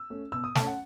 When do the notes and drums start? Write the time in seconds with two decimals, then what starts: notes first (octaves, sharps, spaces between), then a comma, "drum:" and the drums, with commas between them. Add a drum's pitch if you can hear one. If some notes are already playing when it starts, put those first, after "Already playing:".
Already playing: E6
0.10 A3 C#4
0.32 B2 E6
0.44 D#6
0.55 A3 C#4 A5, drum: snare
0.67 F#5